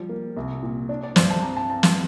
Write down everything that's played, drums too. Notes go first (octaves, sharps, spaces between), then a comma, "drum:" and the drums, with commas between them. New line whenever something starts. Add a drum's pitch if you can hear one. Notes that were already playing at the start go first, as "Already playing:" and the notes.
Already playing: F3 G3
A#3
C2
A#2
D4 D5
D5
G2 C5, drum: snare
A5
C4 A#5
A5
C4 A5
F5, drum: snare